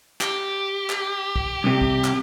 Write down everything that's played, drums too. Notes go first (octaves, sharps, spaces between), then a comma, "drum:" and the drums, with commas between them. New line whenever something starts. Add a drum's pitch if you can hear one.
G4, drum: clap
drum: clap
drum: kick
C2 C3
drum: kick
drum: clap